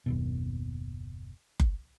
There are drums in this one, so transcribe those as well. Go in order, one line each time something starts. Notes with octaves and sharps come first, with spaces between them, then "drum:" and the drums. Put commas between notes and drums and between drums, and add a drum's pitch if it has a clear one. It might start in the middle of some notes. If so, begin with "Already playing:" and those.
F#1 D#2 B2
drum: kick F#1